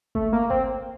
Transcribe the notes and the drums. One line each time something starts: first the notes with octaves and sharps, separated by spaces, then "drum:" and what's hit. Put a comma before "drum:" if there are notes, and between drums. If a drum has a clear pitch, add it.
A3, drum: kick G1
A#3
C4, drum: kick G1